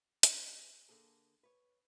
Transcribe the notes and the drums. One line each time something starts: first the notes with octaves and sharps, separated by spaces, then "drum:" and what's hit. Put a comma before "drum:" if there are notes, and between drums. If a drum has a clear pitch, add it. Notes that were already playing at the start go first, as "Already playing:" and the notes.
G3 D4, drum: hi-hat
D3 A#3 G#4 A4
B4 C#5